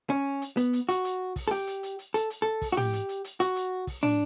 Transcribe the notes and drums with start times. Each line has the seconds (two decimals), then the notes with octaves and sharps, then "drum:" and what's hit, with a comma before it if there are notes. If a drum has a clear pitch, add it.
0.10 C#4
0.42 drum: hi-hat
0.57 B3, drum: hi-hat
0.73 drum: hi-hat
0.89 F#4, drum: hi-hat
1.04 drum: hi-hat
1.36 drum: kick, open hi-hat
1.48 A4
1.51 G4
1.67 drum: hi-hat
1.83 drum: hi-hat
1.99 drum: hi-hat
2.14 A4, drum: hi-hat
2.30 drum: hi-hat
2.42 A4
2.62 drum: kick, open hi-hat
2.72 F#4
2.77 G4, drum: tom
2.93 drum: hi-hat
3.09 drum: hi-hat
3.24 drum: hi-hat
3.40 F#4, drum: hi-hat
3.56 drum: hi-hat
3.87 drum: kick, open hi-hat
4.03 D4, drum: tom